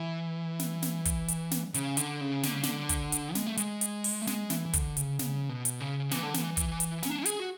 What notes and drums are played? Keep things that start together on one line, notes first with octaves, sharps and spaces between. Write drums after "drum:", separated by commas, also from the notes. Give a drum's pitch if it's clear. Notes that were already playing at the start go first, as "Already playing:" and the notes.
Already playing: E3
drum: snare
drum: snare
drum: kick, hi-hat
drum: hi-hat
drum: snare
C#3, drum: hi-hat
D3, drum: hi-hat
C#3
D3, drum: snare
C#3
D3, drum: snare
drum: kick, hi-hat
drum: hi-hat
G#3, drum: snare
A3
G#3, drum: hi-hat
drum: hi-hat
drum: open hi-hat
A3
G#3, drum: snare
E3, drum: snare
E3
D3, drum: kick, hi-hat
C#3, drum: hi-hat
C#3, drum: snare
B2
drum: hi-hat
C#3
E3, drum: snare
D3
E3, drum: snare
drum: kick, hi-hat
drum: hi-hat
C#4, drum: snare
D4
C#4
G#4, drum: hi-hat
F#4